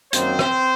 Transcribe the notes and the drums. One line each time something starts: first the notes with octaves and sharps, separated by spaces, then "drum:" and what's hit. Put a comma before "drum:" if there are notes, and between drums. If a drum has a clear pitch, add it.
F#2 D#3 F#3 A#3 C4 C5, drum: hi-hat
drum: rim click